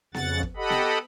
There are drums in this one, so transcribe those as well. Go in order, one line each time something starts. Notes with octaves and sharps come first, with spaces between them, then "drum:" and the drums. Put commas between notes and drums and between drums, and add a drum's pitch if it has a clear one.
F2 C#3 F#5 A6, drum: snare B3
drum: kick
G4 A4 D#5 F#5 B5
drum: snare B3